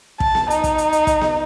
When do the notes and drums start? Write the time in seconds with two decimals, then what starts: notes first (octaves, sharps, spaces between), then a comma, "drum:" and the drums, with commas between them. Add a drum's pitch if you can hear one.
0.20 A5, drum: kick
0.35 drum: snare B3
0.50 D#4, drum: hi-hat
0.64 drum: kick, hi-hat
0.78 drum: hi-hat
0.93 drum: hi-hat
1.07 drum: kick, hi-hat
1.21 drum: snare B3